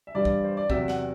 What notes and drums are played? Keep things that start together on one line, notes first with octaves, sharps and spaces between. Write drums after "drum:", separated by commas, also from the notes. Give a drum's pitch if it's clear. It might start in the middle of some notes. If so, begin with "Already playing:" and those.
E5
G2 E3 G3 D5
drum: kick
C5
D5
E2 C3 F#3 E5, drum: kick
F#5, drum: snare